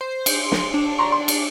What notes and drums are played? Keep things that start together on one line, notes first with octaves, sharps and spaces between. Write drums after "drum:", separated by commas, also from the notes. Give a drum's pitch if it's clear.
C5
drum: cymbal
C6
drum: snare
D4
A#5 C6 C#6
C6
drum: cymbal